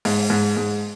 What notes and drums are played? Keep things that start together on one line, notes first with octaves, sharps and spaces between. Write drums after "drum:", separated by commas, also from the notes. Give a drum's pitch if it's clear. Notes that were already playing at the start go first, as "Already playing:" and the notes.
G#2, drum: open hi-hat
G#2
G#2